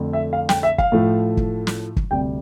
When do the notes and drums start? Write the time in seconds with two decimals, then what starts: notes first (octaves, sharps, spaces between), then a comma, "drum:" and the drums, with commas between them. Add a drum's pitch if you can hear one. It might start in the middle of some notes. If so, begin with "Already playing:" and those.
Already playing: F2 D3 A3
0.13 E5
0.33 F5
0.49 G5, drum: snare
0.63 E5
0.78 F5, drum: kick
0.92 A2 F3 A3
1.37 drum: kick
1.67 drum: snare
1.96 drum: kick
2.11 D2 C3 G3 G5